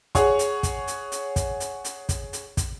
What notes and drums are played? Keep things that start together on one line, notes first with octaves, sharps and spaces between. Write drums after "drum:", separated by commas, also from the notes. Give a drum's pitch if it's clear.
G#4 C#5 F#5 C#6, drum: kick, hi-hat
drum: hi-hat
drum: kick, hi-hat
drum: hi-hat
drum: hi-hat
drum: kick, hi-hat
drum: hi-hat
drum: hi-hat
drum: kick, hi-hat
drum: hi-hat
drum: kick, hi-hat